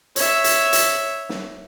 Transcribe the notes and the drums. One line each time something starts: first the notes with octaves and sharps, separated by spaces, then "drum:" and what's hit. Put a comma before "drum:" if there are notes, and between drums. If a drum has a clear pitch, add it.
C#5 E5, drum: hi-hat
drum: hi-hat
drum: hi-hat
drum: snare